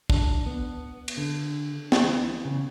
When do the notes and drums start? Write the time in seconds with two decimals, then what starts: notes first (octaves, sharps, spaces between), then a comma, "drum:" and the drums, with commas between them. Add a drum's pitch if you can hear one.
0.10 D4, drum: kick
0.46 B3
1.08 drum: cymbal
1.17 D3
1.92 drum: snare
2.04 E3
2.45 C#3